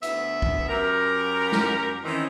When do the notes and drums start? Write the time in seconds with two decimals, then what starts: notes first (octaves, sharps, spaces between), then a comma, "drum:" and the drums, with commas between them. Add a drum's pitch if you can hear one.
0.03 D2 B3 E5, drum: hi-hat
0.42 drum: kick
0.69 F#2 G4 A#4
1.52 drum: snare
2.04 D#3 E3 C4 C#4 D#4